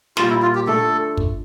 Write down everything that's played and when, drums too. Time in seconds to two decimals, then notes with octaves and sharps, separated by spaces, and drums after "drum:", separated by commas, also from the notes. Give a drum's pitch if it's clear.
0.17 A#2 G3 A#3 F4, drum: snare
0.29 E4
0.42 F4
0.55 G4
0.67 D3 A3 A4
1.17 drum: kick